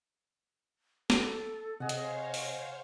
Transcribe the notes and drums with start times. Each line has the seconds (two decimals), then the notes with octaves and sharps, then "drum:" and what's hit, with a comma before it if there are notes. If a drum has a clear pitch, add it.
1.10 A4, drum: snare
1.80 C3 G#4 C5 C#5 D#5 F5 F#5
1.89 drum: hi-hat
2.34 drum: open hi-hat